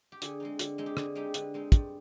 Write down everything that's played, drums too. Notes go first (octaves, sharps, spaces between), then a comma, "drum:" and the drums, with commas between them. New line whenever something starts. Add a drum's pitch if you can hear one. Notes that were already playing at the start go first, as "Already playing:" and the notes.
G4
D3 G#4, drum: hi-hat
G#3 C4 D#4
D3, drum: hi-hat
G#3 C4 D#4
G4
D3 G#4, drum: rim click
G#3 C4 D#4 G4
D3 B4, drum: hi-hat
G#3 C4 D#4
G2, drum: kick, hi-hat